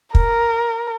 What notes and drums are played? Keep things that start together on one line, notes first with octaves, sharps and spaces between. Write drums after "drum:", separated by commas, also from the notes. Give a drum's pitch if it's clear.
A#4, drum: kick